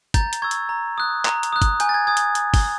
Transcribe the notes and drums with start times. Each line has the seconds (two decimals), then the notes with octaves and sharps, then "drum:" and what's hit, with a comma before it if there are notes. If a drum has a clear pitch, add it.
0.14 A#5 G6 A6, drum: kick G1, hi-hat
0.33 drum: hi-hat
0.42 C#6 E6 G#6
0.51 drum: hi-hat
0.69 A#5
0.98 D#6 F#6
1.25 A#5, drum: clap
1.43 drum: hi-hat
1.53 D#6 F#6
1.62 drum: kick G1, hi-hat
1.80 G#5 G6, drum: hi-hat
1.89 A6
1.94 G#6
2.07 D#6 G#6
2.17 drum: hi-hat
2.35 drum: hi-hat
2.54 drum: kick G1, open hi-hat